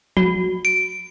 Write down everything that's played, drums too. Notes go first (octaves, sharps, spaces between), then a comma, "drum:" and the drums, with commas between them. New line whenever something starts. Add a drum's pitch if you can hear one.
F#4, drum: tom F3
D7